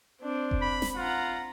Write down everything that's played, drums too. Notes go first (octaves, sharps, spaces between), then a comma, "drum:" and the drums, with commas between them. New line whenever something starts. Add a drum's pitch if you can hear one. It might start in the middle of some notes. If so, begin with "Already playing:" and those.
C4 D4
drum: kick F1
B5
drum: snare
F4 F#5 A#5